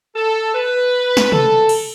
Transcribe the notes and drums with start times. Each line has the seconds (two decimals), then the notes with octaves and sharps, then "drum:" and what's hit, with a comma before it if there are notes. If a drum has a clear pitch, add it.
0.15 A4
0.54 B4
1.17 drum: snare
1.32 A4, drum: tom
1.69 drum: cymbal